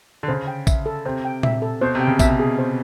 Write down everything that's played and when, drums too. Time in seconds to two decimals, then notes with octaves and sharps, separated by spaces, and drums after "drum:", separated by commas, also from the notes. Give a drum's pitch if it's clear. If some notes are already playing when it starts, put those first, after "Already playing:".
0.23 D3
0.28 C#3 C5
0.47 G5
0.67 E5, drum: kick, tambourine
0.86 A4
1.05 C3 C5
1.25 G5
1.43 E5, drum: tom A#2
1.62 A4
1.81 B2 C5
1.95 C3
2.01 G5
2.07 C#3
2.19 B2 E5, drum: kick, tambourine
2.40 G#4
2.58 C5